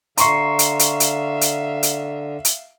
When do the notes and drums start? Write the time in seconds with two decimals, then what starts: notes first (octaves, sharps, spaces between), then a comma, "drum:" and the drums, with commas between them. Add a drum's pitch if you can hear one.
0.17 D3 E5 F5 A#5 C6 C#6 C7, drum: hi-hat
0.59 drum: hi-hat
0.79 drum: hi-hat
1.00 drum: hi-hat
1.41 drum: hi-hat
1.83 drum: hi-hat
2.45 drum: hi-hat